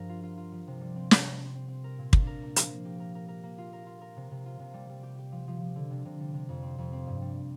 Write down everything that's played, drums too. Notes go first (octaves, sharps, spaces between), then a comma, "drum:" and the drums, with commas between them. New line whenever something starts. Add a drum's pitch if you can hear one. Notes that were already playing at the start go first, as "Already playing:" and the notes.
Already playing: G2 F3 A#4
F4
F4
F4
F3
C3
G3
C4
C4, drum: snare
C4
C4
C4
C4
A#4
A#2
D4, drum: kick
A#4
A#3
F3, drum: hi-hat
A#3
G4
A#4
A#4
A#4
A#3
F4
A#4
F4
A#4
C3
C3
F4
C3
G3
G3
G4
G4
F3
F3
F3
D3
C3
C3
G3
C3
F2
C4
F2
C4
G2
G3